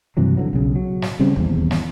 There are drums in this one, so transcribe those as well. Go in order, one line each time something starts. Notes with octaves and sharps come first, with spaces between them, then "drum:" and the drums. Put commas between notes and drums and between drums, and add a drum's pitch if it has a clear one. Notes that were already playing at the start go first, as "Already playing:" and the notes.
G2 C3 E3 F#3
D3 E3 F#3
B1 C#3
F#3
drum: snare
C#3 G3 C4 C#4
D#1 E2, drum: kick
drum: snare